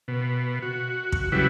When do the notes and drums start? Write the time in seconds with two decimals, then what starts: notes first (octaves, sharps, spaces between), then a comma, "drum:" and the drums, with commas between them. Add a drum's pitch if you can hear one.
0.08 B2
0.62 F#4
1.12 drum: kick
1.32 C#3 F#3 G3 E4 F#4 B4